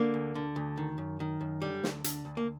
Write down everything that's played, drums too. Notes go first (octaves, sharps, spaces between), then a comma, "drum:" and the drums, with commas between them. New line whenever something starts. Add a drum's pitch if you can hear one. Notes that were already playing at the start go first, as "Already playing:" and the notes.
Already playing: D3 A#3
D2
D3
D2
D#3
F#2
D#3
F#2
D3 G3
D2, drum: snare
D3, drum: hi-hat
D2
A#3